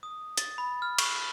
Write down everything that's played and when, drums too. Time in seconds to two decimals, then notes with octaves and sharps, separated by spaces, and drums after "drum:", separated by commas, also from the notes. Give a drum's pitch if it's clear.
0.03 D#6
0.37 A6, drum: hi-hat
0.58 B5
0.82 F6
0.98 C#6, drum: cymbal